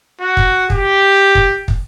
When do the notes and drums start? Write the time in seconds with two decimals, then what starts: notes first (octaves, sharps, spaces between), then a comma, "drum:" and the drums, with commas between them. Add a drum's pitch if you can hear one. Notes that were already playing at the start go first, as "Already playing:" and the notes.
0.21 F#4
0.37 drum: kick
0.70 G4, drum: kick
1.35 drum: kick
1.68 drum: kick